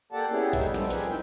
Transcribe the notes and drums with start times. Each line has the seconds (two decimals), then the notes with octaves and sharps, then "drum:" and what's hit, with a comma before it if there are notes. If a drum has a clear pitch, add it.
0.12 A#3 G4 A4 D5 F#5 A5
0.30 B3 C#4 E4 G4 G#4
0.53 G3 A3 C#4 D#4 E5, drum: kick A#1, hi-hat
0.74 C3 F3 G3 B3 C4 A4, drum: snare
0.90 F4 G4 G#4 A#4 B4, drum: hi-hat
1.09 C4 D#4 E4 E5 G5